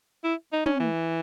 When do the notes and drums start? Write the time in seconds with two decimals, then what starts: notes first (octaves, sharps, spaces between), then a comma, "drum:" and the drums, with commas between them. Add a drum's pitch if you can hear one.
0.24 E4
0.52 D#4
0.66 C#4, drum: tom
0.80 E3